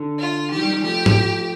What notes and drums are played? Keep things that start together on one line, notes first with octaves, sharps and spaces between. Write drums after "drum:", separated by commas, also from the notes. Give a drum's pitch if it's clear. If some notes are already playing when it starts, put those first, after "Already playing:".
Already playing: D3
F4
D#3 G4
F3
D#3 G3
D#3 G3
F3 A3 G4
drum: tom